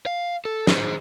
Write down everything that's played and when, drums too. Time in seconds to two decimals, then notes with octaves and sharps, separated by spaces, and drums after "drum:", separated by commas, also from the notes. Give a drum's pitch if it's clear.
0.06 F5
0.45 A4
0.67 G#4 C5, drum: snare